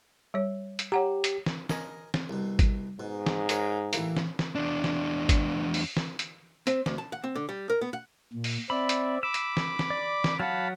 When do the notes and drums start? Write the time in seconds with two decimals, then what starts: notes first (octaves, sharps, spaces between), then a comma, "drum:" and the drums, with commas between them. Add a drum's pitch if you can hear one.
0.34 G3 C#5
0.79 drum: hi-hat
0.92 G4 C#5 F#5 A#5
1.24 drum: hi-hat
1.46 drum: snare
1.69 A#4 D#5 G#5, drum: snare
2.14 drum: snare
2.29 C2 B2
2.59 drum: kick G#1, hi-hat
3.00 G#2 B2
3.27 drum: snare
3.49 F#4 A#4 C#5, drum: hi-hat
3.93 A1 E3 A#3, drum: hi-hat
4.17 drum: snare
4.39 drum: snare
4.55 E2 D4
4.84 drum: snare
5.29 drum: kick G#1, hi-hat
5.74 drum: open hi-hat
5.97 drum: snare
6.19 drum: hi-hat
6.67 C4, drum: hi-hat
6.86 D2, drum: snare
6.98 A5
7.12 F#5
7.24 C4
7.35 D3
7.49 G3
7.70 A#4
7.81 B3
7.93 F#5
8.34 A#2
8.44 drum: open hi-hat
8.70 C4 D5 E5 B5
8.89 drum: hi-hat
9.23 B5 D6 E6
9.34 drum: hi-hat
9.57 drum: snare
9.79 drum: snare
9.90 D5
10.24 drum: snare
10.40 F#3 F5 F#5 A5 B5